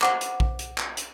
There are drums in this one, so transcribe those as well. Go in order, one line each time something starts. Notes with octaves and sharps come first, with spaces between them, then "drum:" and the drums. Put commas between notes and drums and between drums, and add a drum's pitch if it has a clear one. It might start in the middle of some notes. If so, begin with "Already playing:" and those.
C5 F#5 D6, drum: clap
drum: hi-hat
drum: kick
drum: hi-hat
drum: clap
drum: hi-hat